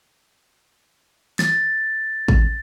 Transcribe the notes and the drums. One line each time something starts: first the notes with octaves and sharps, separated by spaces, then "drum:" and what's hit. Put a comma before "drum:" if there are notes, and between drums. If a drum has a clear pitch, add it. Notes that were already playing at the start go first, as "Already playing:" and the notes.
A6, drum: snare
drum: kick